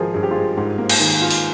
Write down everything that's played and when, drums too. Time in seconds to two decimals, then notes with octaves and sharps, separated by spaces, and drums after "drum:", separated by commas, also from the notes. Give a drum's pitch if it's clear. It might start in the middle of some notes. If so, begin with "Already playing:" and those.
Already playing: G#1 F3 G#4 A#4 C5
0.14 G2 G#4
0.23 G4
0.31 G#3 F4 G#4
0.57 G#2
0.78 A#3
0.89 drum: cymbal
1.00 D#3
1.21 F4
1.30 drum: open hi-hat